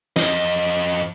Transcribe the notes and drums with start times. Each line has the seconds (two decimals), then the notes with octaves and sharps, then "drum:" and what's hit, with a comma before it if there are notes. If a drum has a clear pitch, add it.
0.16 F2 D#5, drum: snare